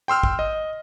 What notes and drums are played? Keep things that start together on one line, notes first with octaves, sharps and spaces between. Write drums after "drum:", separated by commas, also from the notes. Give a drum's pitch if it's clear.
G5 C6 E6 F6
drum: kick
D#5